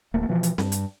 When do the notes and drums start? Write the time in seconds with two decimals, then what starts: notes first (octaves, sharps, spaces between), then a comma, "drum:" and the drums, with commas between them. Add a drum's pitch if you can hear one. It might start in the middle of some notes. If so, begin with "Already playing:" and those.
0.14 D1 A3 A#3
0.29 B2 E3 F3
0.43 drum: hi-hat
0.58 G2, drum: snare C4
0.72 drum: hi-hat